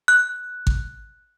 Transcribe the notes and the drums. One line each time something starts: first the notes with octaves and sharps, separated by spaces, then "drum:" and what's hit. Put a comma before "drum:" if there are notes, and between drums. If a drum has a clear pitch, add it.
F#6
drum: kick G#1